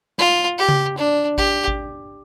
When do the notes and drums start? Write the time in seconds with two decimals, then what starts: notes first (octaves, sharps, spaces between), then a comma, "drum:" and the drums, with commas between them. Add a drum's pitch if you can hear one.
0.18 F4, drum: snare
0.58 G4
0.69 drum: tom C#3
0.98 D4
1.38 G4, drum: kick G#1
1.68 drum: kick G#1